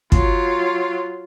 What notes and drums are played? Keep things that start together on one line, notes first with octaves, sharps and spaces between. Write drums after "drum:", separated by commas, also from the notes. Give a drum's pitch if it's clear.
F#3 F4, drum: kick